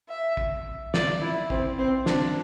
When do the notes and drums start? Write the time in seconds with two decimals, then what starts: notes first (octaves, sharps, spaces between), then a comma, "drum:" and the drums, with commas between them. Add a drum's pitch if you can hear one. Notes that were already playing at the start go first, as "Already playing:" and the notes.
0.09 E5
0.37 drum: kick
0.94 D5, drum: snare
1.21 E4
1.50 C4, drum: kick
1.78 C4
2.06 D4, drum: snare